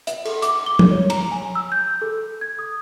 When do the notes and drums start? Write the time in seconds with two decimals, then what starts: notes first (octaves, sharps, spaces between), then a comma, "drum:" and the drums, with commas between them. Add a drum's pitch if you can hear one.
0.07 E5, drum: hi-hat
0.25 A4, drum: cymbal
0.42 D6, drum: hi-hat
0.66 G7
0.79 drum: tom
0.91 C#5
1.10 A#5, drum: cymbal
1.32 G#5
1.55 E6
1.72 G6
2.02 A4
2.41 G#6
2.59 D#6